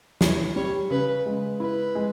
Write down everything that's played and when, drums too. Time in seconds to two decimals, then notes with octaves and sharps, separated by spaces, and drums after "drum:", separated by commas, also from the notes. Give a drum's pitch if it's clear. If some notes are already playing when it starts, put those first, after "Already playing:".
0.21 E3 C#5, drum: snare
0.56 G3 C#5
0.90 C#3 B4
1.26 G#3
1.60 E4 B4
1.95 G#3